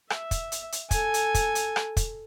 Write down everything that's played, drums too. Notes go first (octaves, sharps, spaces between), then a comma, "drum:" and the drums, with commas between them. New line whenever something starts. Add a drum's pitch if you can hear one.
E5, drum: rim click
drum: kick, hi-hat
drum: hi-hat
drum: hi-hat
A4 G#5, drum: kick, hi-hat
drum: hi-hat
drum: kick, hi-hat
drum: hi-hat
drum: rim click
drum: kick, hi-hat